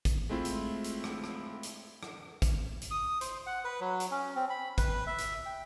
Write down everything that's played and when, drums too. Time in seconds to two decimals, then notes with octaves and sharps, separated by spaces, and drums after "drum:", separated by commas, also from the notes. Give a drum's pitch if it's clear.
0.05 drum: kick, hi-hat
0.29 G#3 A3 C4 E4 F4
0.45 drum: hi-hat
0.84 drum: hi-hat
1.04 drum: rim click
1.24 drum: rim click
1.63 drum: hi-hat
2.03 drum: rim click
2.42 drum: kick, hi-hat
2.81 drum: hi-hat
2.91 D#6
3.21 C5, drum: hi-hat
3.47 F#5
3.65 B4
3.80 F#3
4.00 drum: hi-hat
4.11 C#4
4.36 C4
4.50 B5
4.78 B4, drum: kick, hi-hat
5.07 E5
5.18 drum: hi-hat
5.46 G5